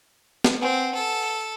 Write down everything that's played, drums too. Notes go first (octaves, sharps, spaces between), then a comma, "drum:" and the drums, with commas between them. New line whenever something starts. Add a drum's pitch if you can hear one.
drum: snare
C4 B4 F#5 G#5
A4